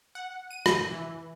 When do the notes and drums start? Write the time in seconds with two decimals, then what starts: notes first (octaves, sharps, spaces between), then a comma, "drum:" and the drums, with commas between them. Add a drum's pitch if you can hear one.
0.15 F#5
0.51 D#7
0.66 drum: rim click
0.91 E3